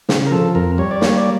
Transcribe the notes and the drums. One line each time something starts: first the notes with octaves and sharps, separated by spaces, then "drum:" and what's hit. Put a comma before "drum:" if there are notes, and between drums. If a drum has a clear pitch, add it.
C#3, drum: snare
A#4
F3 A4
F2 A#4
G3 C#5
D5
A#3 C#5, drum: snare
D5